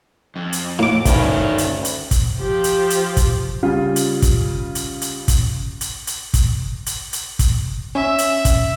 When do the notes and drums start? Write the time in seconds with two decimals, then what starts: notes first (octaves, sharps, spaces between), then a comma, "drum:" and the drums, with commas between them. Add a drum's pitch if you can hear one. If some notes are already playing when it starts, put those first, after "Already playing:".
0.36 F2
0.53 drum: hi-hat
0.79 A2 D6
1.05 D2 G2 D#3 C#4, drum: kick, hi-hat
1.58 drum: hi-hat
1.85 drum: hi-hat
2.11 drum: kick, hi-hat
2.38 F3 G4
2.64 drum: hi-hat
2.90 drum: hi-hat
3.17 drum: kick, hi-hat
3.63 C#3 G3 F4
3.96 drum: hi-hat
4.22 drum: kick, hi-hat
4.75 drum: hi-hat
5.02 drum: hi-hat
5.28 drum: kick, hi-hat
5.81 drum: hi-hat
6.07 drum: hi-hat
6.34 drum: kick, hi-hat
6.86 drum: hi-hat
7.13 drum: hi-hat
7.39 drum: kick, hi-hat
7.95 C#4 E5
8.18 drum: hi-hat
8.45 drum: kick, hi-hat